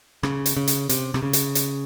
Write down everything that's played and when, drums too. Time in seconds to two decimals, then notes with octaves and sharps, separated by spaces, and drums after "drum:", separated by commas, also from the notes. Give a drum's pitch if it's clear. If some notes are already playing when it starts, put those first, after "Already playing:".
0.23 C#3, drum: rim click
0.46 drum: hi-hat
0.57 C#3
0.68 drum: hi-hat
0.89 C3, drum: hi-hat
1.14 C3, drum: rim click
1.23 C#3
1.33 drum: hi-hat
1.55 drum: hi-hat